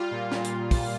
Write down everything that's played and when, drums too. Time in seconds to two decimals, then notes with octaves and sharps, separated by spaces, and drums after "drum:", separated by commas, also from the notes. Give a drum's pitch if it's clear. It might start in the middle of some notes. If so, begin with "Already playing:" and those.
Already playing: G3 F4
0.11 A#2
0.32 A#2, drum: snare
0.44 drum: hi-hat
0.71 drum: kick, open hi-hat